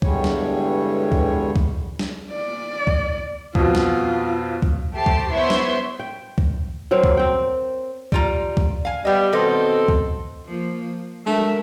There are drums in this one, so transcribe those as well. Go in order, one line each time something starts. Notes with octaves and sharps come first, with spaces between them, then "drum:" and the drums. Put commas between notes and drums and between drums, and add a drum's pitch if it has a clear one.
E2 G2 D3 G3 G#3 C#5, drum: kick C2
drum: snare
drum: kick C2
drum: kick C2
drum: snare
D5
drum: kick C2
F2 B2 F4, drum: kick C2
drum: snare
drum: kick C2
A3 G4 C5 A5 C7
drum: kick C2
B3 E4 C5 C#5 E5 C6
drum: snare
G5
drum: kick C2
F#3 C4 A#4 C5
drum: kick C2
C4 G5
G3 F4 A#5, drum: kick C2
drum: kick C2
F5 G#5
G3 B3 D#5
B2 D#3 C4 A4 D#5
drum: kick C2
F3 A#3 F4
F3
F#3 G#3 A3 D4 A#4 E5